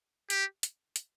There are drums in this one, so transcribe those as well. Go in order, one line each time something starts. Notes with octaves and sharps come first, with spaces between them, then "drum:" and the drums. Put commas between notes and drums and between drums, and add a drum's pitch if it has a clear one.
G4, drum: hi-hat
drum: hi-hat
drum: hi-hat